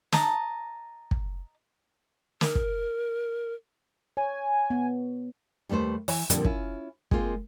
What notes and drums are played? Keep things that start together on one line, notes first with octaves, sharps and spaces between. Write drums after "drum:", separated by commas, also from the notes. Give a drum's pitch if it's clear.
D#5 A5 A#5, drum: snare
drum: kick
A#4, drum: snare
drum: kick
C#5 G#5
B3
D#2 G3 A3 B4 C5
E3, drum: open hi-hat
A#2 D3 F3 G3 A#3 C4, drum: hi-hat
C#4 E4 F4, drum: kick
G#3 A#3 C4 F4, drum: kick